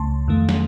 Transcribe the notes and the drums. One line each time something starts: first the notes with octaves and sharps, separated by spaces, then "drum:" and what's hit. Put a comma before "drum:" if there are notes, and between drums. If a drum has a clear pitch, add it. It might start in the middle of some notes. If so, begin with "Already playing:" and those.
Already playing: C#2 C#3 A3 A5 C6
F2 D#3 A3
drum: snare